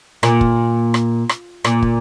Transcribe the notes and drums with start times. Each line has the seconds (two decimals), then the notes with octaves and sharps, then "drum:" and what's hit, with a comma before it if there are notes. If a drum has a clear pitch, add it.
0.23 A#2, drum: rim click
0.41 drum: kick
0.94 drum: rim click
1.29 drum: rim click
1.65 A#2, drum: rim click
1.82 drum: kick